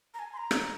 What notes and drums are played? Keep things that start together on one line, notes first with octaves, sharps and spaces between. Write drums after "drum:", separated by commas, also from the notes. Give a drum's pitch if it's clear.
A#5
G#5
C6
A#5
drum: rim click